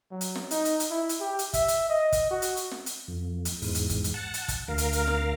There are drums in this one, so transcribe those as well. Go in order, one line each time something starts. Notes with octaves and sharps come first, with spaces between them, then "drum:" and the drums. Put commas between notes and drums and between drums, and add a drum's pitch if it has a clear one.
F#3
drum: hi-hat
drum: snare
D#4, drum: hi-hat
drum: hi-hat
drum: hi-hat
E4
drum: hi-hat
G4
drum: hi-hat
E5, drum: kick, hi-hat
drum: hi-hat
D#5
drum: kick, hi-hat
F#4
drum: hi-hat
drum: hi-hat
drum: snare
drum: hi-hat
F2
drum: hi-hat
E2 G#2, drum: open hi-hat
drum: hi-hat
drum: kick, hi-hat
drum: hi-hat
F#5 A5
drum: hi-hat
drum: kick, hi-hat
D2 A#4 F5
drum: hi-hat
drum: hi-hat
drum: snare